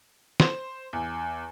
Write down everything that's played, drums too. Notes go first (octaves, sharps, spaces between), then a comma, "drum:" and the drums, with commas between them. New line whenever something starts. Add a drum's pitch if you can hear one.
C5, drum: snare
E2